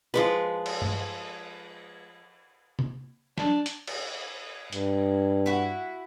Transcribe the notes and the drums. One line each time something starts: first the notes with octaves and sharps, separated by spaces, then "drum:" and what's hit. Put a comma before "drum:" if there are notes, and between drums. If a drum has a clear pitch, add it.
F3 G#3 B4
drum: cymbal
drum: tom G2
drum: tom C3
D4, drum: snare
drum: hi-hat
drum: cymbal
G2, drum: hi-hat
E4 F#4